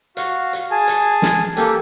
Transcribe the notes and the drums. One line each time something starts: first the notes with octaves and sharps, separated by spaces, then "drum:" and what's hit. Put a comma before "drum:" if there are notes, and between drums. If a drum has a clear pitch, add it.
F#4 F5, drum: hi-hat
drum: hi-hat
G#4 G#5 A5
drum: hi-hat
drum: snare
A#3 G4 A4, drum: hi-hat